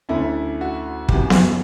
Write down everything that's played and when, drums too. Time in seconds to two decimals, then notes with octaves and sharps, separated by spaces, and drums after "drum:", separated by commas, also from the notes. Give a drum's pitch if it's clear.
0.09 D2 D3 A3 C#4 E4
0.61 F#4
1.09 G4, drum: kick
1.13 F#2 C#3 E3 B3 F#4
1.30 F#4, drum: snare B3